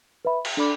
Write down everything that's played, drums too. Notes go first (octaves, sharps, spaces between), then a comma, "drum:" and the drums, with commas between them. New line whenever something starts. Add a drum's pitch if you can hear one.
B4 E5 B5
drum: cymbal
D4 A4 D5 B5 D6